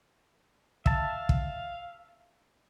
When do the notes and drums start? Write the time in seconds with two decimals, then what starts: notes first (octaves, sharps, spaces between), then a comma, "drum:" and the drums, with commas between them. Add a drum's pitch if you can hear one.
0.86 E5 F5 A5, drum: kick
1.29 drum: kick